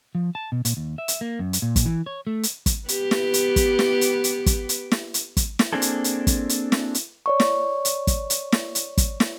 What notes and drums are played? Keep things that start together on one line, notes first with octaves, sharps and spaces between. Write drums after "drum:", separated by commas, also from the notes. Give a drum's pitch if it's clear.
F3
A5
B2
A#2, drum: hi-hat
D#2
E5
drum: hi-hat
A#3
F#2
drum: hi-hat
A#2
drum: kick, hi-hat
E3
C#5
A3
drum: hi-hat
drum: kick, hi-hat
B3 G4 B4, drum: hi-hat
drum: snare
drum: hi-hat
drum: kick, hi-hat
drum: snare
drum: hi-hat
drum: hi-hat
drum: kick, hi-hat
drum: hi-hat
drum: snare
drum: hi-hat
drum: kick, hi-hat
drum: snare
A#3 C4 D4 G#4 A4
drum: hi-hat
drum: hi-hat
drum: kick, hi-hat
drum: hi-hat
drum: snare
drum: hi-hat
C#5 D5 C#6
drum: snare
drum: hi-hat
drum: kick, hi-hat
drum: hi-hat
drum: snare
drum: hi-hat
drum: kick, hi-hat
drum: snare